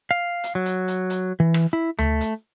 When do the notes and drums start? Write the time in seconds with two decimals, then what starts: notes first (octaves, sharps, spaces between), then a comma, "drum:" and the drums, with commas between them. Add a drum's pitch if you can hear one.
0.11 F5
0.44 drum: hi-hat
0.55 F#3
0.66 drum: hi-hat
0.88 drum: hi-hat
1.10 drum: hi-hat
1.40 E3
1.54 drum: rim click
1.73 E4
1.99 A3, drum: tom D2
2.21 drum: hi-hat